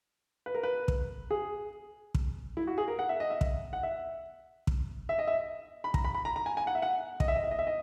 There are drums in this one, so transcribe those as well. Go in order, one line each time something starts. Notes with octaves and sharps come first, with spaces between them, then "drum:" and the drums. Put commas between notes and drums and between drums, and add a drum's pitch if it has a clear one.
B4
A#4
B4
drum: kick
G#4
drum: kick
E4
F#4
G#4
A#4
F#5
E5
D#5
E5
drum: kick
F#5
E5
drum: kick
E5
D#5
E5
B5
A#5, drum: kick
B5
B5
A#5
A#5
G#5
G#5
F#5
E5
F#5
D#5, drum: kick
E5
D#5
E5
D#5
E5
D#5